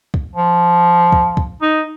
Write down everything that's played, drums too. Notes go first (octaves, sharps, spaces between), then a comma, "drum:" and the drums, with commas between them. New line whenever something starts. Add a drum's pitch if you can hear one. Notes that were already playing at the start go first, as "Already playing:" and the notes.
drum: kick
F3
drum: kick
drum: kick
D#4